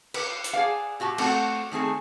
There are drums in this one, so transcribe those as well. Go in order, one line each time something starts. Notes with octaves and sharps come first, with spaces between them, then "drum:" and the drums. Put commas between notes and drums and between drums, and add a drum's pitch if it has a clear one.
B4, drum: cymbal
drum: hi-hat
G#4 D5 F5
A#2 F#4 G4 A5
A3 C4 F#4, drum: cymbal
D#3 A3 C4 G#4